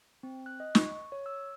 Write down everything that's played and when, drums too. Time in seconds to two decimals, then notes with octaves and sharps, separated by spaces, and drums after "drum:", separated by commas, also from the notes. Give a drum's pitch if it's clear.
0.23 C4
0.46 F#6
0.60 D#5
0.75 C#6, drum: snare
1.12 C#5
1.26 E6